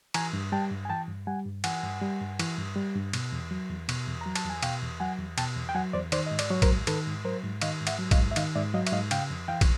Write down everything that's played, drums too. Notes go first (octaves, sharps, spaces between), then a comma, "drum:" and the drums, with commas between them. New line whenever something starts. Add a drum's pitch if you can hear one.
E3 G#5 A#5, drum: cymbal
G2
G3 G5 A5
G2
G#5
E3 G5 A5
G2
G3 F#5 G#5
G2
E3 F#5 G#5, drum: cymbal
G2
G3
G2
E3, drum: cymbal
G2
G3
G2
B2, drum: cymbal
E2
F#3
E2
B2, drum: cymbal
E2
F#3 A#5
A5, drum: cymbal
E2
G#5
B2 F5 G5, drum: cymbal
E2
F#3 F#5 G#5
E2
B2 G5 A5, drum: cymbal
E2
G5
F#3 F#5 G#5
E2 C5 D5
D#3 C5 D5, drum: cymbal
G#2 D#5
D5, drum: cymbal
F#3 C#5
A#4 C5, drum: kick, cymbal
G#2
D#3 A4 B4, drum: cymbal
G#2
F#3 A#4 C5
G#2
D#3 D#5 F5, drum: cymbal
G#2
E5 F#5, drum: cymbal
F#3
D#5 F5, drum: kick, cymbal
G#2
E5
D#3 D#5 F5, drum: cymbal
G#2 D5 E5
F#3 D#5 F5
E5, drum: cymbal
G#2 D#5 F5
C#3 F5 G5, drum: cymbal
F2
E3 F5 G5
drum: kick, cymbal